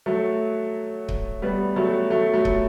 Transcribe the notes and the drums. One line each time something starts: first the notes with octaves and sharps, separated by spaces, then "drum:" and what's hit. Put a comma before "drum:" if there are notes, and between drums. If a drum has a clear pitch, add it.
F#3 A3
drum: kick C#1
G3 B3
F#3 A3
F#3 A3
F#3 A3
drum: kick C#1